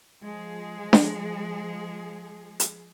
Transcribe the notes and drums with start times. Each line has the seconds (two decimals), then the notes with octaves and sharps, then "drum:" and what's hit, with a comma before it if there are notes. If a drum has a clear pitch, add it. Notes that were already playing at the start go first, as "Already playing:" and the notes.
0.23 F3 G#3 G#4
0.93 drum: snare D4
2.60 drum: hi-hat